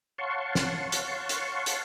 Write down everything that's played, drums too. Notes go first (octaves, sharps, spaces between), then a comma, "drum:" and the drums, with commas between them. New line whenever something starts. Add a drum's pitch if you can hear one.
C#5 F5 F#5 A5 C6 C#6
drum: snare
drum: hi-hat
drum: hi-hat
drum: hi-hat